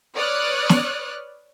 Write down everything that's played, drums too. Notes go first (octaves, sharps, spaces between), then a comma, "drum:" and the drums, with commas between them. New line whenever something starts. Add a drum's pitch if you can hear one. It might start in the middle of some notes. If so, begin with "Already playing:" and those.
B4 C#5 D5 D#6 F6 F#6
drum: snare